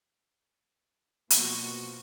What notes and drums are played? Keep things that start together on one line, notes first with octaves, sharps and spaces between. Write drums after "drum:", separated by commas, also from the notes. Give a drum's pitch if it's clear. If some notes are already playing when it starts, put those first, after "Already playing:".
B2 F3 A#3 F#4, drum: hi-hat